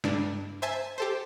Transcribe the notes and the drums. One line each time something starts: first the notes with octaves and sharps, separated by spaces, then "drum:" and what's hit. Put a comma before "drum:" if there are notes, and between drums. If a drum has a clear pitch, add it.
G2 D4, drum: snare
C5 E5 G#5 A5
G4 A4 C5